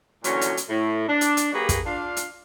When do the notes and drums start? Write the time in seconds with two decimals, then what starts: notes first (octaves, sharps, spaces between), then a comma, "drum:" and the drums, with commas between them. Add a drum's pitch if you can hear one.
0.24 A#2 D3 E3 F#3 C#4, drum: hi-hat
0.41 drum: hi-hat
0.57 drum: hi-hat
0.70 A2
1.08 D4
1.21 drum: hi-hat
1.37 drum: hi-hat
1.53 F#3 A#3 G4 G#4 A#4 B4
1.69 drum: kick, hi-hat
1.85 D4 F4 F5
2.17 drum: hi-hat